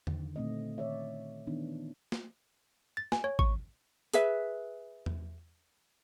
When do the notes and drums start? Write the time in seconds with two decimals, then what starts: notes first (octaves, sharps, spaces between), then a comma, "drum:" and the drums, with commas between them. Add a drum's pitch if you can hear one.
0.07 D3 D#3, drum: tom E2
0.36 A#2 A3 C4 D#5
0.78 D#3 C#5 D5 E5
1.47 D#3 E3 B3 D4 D#4
2.12 drum: snare
2.97 A6
3.12 G#5, drum: snare
3.24 C#5
3.39 C#6, drum: kick G#1
4.13 G#4 B4 E5, drum: hi-hat
5.06 drum: tom E2